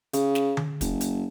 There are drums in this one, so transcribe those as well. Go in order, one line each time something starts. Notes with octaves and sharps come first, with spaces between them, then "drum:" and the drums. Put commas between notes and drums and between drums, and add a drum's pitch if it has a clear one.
C#3, drum: hi-hat
drum: snare
drum: tom D3
F#1, drum: kick, hi-hat
drum: hi-hat